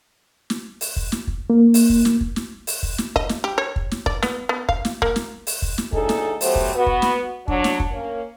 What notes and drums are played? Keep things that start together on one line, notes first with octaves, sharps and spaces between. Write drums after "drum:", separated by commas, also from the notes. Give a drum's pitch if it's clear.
drum: snare
drum: open hi-hat
drum: kick
drum: snare
drum: kick
A#3
drum: open hi-hat
drum: kick
drum: snare
drum: kick
drum: snare
drum: open hi-hat
drum: kick
drum: snare
D#5, drum: kick
drum: snare
G4
C#5
drum: kick
drum: snare
D5, drum: kick
B3, drum: snare
B3
F5, drum: kick
drum: snare
A#3, drum: kick
drum: snare
drum: open hi-hat
drum: kick
drum: snare
D2 A2 D#4 G#4 A4, drum: kick
drum: snare
F#3 A3 B3 G4 C5, drum: open hi-hat
drum: kick
B3 F#4
drum: kick
drum: snare
F#3 D4, drum: kick
drum: snare
drum: kick
A#3 C#4